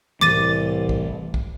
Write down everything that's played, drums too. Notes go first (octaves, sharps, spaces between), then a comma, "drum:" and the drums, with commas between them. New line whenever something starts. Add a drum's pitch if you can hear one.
C2 A2 E3 A3 D6 A6 D#7
drum: kick
drum: kick